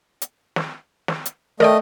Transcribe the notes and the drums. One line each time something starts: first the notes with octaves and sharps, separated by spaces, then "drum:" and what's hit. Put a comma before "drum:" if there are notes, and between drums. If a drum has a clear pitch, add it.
drum: hi-hat
drum: snare
drum: snare
drum: hi-hat
A3 A#4 D5 D#5 G5, drum: snare